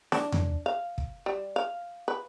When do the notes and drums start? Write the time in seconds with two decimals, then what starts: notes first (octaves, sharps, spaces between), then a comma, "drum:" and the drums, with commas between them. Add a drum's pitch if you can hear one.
0.12 D4, drum: snare
0.32 drum: tom E2
0.66 F5
0.98 drum: kick
1.26 G3
1.56 F5
2.08 B4